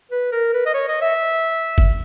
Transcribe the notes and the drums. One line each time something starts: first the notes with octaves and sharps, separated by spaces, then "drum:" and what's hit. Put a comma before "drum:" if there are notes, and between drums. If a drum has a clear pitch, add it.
B4
A#4
B4
D#5
C#5
D#5
E5
drum: kick